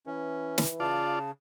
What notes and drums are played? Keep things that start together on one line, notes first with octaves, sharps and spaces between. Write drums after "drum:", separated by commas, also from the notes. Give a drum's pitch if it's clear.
E3 C#4
drum: snare
C#3 F4 D5 A5